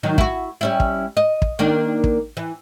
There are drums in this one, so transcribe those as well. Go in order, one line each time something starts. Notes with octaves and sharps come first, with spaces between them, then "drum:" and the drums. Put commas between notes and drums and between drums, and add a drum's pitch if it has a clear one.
D#3 F#3 D#4
E4 F#4, drum: kick
G3 C#4 E4
drum: kick
D#5
drum: kick
D#3 A#3 D4
drum: kick
E3